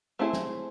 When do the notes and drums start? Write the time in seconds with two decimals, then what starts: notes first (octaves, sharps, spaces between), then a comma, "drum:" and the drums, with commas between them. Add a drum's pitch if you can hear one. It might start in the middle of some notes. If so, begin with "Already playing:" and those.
0.19 A3 C4 E4 G#4
0.33 drum: snare